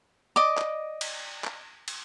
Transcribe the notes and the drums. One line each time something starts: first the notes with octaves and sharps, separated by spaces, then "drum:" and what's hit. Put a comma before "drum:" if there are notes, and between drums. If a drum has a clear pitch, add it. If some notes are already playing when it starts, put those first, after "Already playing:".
D5 D#5 D6
drum: clap
drum: cymbal
drum: clap
drum: cymbal